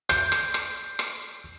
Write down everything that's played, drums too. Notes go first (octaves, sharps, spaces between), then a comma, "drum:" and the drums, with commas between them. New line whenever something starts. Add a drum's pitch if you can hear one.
G6, drum: rim click
drum: rim click
drum: rim click
drum: rim click